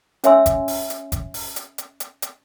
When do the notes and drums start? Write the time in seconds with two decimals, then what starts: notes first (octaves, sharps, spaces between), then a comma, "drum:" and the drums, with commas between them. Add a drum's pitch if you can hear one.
0.24 C#4 C#5 E5 G#5 C6 E6, drum: hi-hat
0.46 drum: kick F#1, hi-hat
0.68 drum: open hi-hat
0.90 drum: hi-hat
1.12 drum: kick F#1, hi-hat
1.34 drum: open hi-hat
1.56 drum: hi-hat
1.78 drum: hi-hat
2.00 drum: hi-hat
2.22 drum: hi-hat